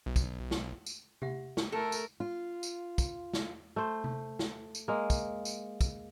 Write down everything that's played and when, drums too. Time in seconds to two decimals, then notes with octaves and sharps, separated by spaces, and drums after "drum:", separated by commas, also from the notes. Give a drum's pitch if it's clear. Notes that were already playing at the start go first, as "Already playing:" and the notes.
0.06 B1
0.16 drum: kick, tambourine
0.51 drum: snare
0.86 drum: tambourine
1.22 G4 E5 F#5, drum: tom C3
1.57 drum: snare
1.72 A3 A4 A#4
1.92 drum: tambourine
2.20 F4
2.63 drum: tambourine
2.98 drum: kick, tambourine
3.33 drum: snare
3.76 A3 C5
4.04 drum: tom C3
4.39 drum: snare
4.75 drum: tambourine
4.88 G#3 A#3
5.10 drum: kick, tambourine
5.45 drum: tambourine
5.81 drum: kick, tambourine